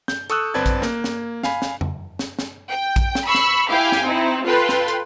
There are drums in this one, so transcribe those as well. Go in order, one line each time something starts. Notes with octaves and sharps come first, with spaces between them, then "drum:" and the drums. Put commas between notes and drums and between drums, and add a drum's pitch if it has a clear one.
G6, drum: snare
A4 C#6 D#6 E6 F#6, drum: hi-hat
G1 C4 B4 D5 A5 G#6
drum: kick A#1, hi-hat
A#3, drum: snare
drum: snare
F5 G#5 B5, drum: snare
drum: snare
drum: tom
drum: snare
drum: snare
G5
drum: kick A#1, hi-hat
drum: snare
B5 C#6 E6 C7
drum: snare
E4 G4 F5 G5 G#5
drum: snare
C4 D#4 E4
F4 A4 B4 G5 C6
drum: snare
drum: hi-hat